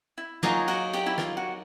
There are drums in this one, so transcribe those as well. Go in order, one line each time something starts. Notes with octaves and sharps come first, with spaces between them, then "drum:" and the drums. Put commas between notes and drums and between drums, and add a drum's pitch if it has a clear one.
E4
F#3 A#3 D#4 F4 G#4, drum: snare
F#4, drum: cymbal
G4, drum: cymbal
E4
F4, drum: snare
F#4